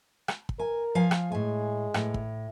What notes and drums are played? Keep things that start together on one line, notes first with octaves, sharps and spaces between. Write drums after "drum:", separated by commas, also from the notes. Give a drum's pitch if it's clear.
drum: rim click
drum: kick
A#4 G#5
F3 F5 G#5
drum: rim click
A2 G#3 G#5
A2, drum: rim click
drum: kick